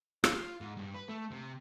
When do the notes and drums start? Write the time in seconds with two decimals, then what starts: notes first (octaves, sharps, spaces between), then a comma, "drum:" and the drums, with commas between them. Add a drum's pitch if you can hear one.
0.24 F4, drum: rim click
0.61 G#2
0.77 G2
0.94 B4
1.09 A3
1.31 C3